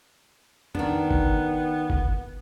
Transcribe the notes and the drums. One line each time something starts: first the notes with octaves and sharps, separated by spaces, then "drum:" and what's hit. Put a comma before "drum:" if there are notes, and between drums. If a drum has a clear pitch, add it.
D#3 B3 D4, drum: tom
drum: kick G1
drum: kick G1